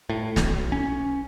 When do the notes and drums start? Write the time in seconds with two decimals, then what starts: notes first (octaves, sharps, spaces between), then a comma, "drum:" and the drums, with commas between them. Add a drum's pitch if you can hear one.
0.09 A2
0.36 B1, drum: snare
0.72 C#4